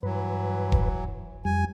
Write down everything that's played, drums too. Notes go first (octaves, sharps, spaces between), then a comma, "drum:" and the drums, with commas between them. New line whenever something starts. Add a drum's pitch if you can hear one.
G2 E3 F#3 B4
drum: kick E1
F2 G3 G#5